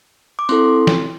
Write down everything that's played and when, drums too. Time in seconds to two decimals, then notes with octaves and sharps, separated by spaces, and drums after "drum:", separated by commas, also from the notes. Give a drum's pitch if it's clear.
0.39 D6
0.49 C4 E4 A4 C6, drum: tambourine
0.87 drum: snare E3